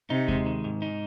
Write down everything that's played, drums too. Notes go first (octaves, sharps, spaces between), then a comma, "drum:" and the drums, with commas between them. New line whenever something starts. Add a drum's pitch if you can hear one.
C3 D#4
G#3, drum: kick D#2
D#3
G#2
D#4